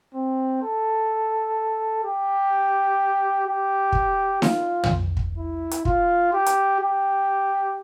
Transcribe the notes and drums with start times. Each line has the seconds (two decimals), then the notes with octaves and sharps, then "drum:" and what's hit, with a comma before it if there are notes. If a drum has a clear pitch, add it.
0.14 C4
0.63 A4
2.04 G4
3.47 G4
3.92 drum: kick
4.42 F4, drum: snare D#4
4.84 drum: tom
5.17 drum: kick
5.38 E4
5.71 drum: hi-hat
5.85 F4, drum: kick
6.33 G4
6.46 drum: hi-hat
6.80 G4